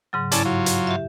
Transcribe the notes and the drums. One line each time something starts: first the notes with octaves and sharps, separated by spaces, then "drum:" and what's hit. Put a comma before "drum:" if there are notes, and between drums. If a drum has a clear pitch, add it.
G#2 C#3 F#3
G2 C#4 E4 D5 A5, drum: hi-hat
F#3 F4
drum: hi-hat
G4 E5